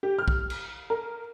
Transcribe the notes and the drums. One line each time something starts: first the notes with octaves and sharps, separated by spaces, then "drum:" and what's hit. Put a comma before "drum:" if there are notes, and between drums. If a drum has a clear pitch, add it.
G4
F6
drum: kick
drum: cymbal
A#4